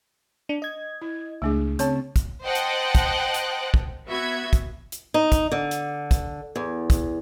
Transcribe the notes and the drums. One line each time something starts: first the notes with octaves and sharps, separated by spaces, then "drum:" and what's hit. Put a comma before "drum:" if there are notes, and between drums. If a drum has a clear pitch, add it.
D4
D#5 G#6
E4
C#2 A3 D4 G#4
C#3 C4 C#5 A5, drum: hi-hat
drum: kick, hi-hat
C5 D#5 F#5 G5 A5 F#6
drum: hi-hat
drum: kick, hi-hat
drum: hi-hat
drum: kick
B3 F#4 E5 G#6
drum: kick, hi-hat
drum: hi-hat
D#4
drum: kick, hi-hat
D3
drum: hi-hat
drum: kick, hi-hat
E2
drum: kick, hi-hat